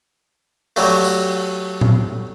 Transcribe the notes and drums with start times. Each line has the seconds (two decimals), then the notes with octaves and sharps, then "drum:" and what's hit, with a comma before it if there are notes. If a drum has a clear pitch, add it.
0.76 F#3 G3 A3, drum: open hi-hat
1.04 drum: tambourine
1.81 drum: tom A#2